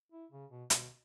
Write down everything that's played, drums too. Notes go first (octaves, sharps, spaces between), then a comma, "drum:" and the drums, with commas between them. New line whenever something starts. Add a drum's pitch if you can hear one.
E4
C#3
B2
B2, drum: hi-hat